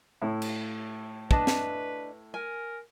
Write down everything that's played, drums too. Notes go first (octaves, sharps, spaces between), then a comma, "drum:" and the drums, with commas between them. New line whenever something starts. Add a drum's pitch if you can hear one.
A2 E4
drum: cymbal
D4 B4 D#5 A5, drum: kick
drum: snare
A#4 G#5